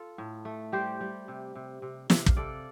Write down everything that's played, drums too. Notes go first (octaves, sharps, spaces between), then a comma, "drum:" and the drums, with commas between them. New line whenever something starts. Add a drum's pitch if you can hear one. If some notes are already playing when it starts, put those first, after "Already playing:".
Already playing: F4 A4
A2
A3
G3 G4 C5
G3
C3
C3
C3
C3, drum: snare
F5, drum: kick
C3 A4 D5